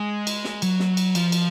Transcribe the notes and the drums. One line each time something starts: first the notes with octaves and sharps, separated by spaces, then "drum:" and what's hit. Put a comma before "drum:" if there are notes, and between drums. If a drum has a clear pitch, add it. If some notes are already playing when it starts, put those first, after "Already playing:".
Already playing: G#3
drum: cymbal
drum: snare
F#3, drum: cymbal
drum: snare
drum: cymbal
F3, drum: cymbal
drum: cymbal